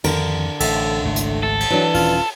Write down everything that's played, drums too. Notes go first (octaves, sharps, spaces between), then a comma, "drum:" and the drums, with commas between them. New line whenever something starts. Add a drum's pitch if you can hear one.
F2 D3 D#3 F3 A#4, drum: cymbal
A1 A4, drum: cymbal
G#1 C#2 A3
drum: hi-hat
A4
drum: cymbal
E3 F#3 D4
D#1 C#4 F4, drum: open hi-hat